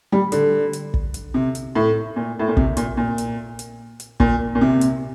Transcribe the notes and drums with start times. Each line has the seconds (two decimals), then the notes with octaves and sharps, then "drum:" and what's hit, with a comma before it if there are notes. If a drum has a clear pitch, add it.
0.12 G3
0.32 D3, drum: hi-hat
0.73 drum: hi-hat
0.94 drum: kick
1.14 drum: hi-hat
1.34 C3
1.55 drum: hi-hat
1.75 A2
2.16 A#2
2.39 A2
2.48 A#2
2.57 C3, drum: kick
2.77 A#2, drum: hi-hat
2.97 A#2
3.18 drum: hi-hat
3.59 drum: hi-hat
4.00 drum: hi-hat
4.20 A#2, drum: kick
4.55 A#2
4.61 C3
4.81 drum: hi-hat